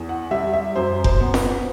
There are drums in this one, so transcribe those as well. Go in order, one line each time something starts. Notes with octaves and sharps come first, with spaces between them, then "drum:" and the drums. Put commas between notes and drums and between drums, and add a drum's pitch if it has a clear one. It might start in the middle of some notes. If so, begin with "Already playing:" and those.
Already playing: E2
F#5
G3 E5
E5
F#2 C5
C5, drum: kick F1
B3
B4, drum: snare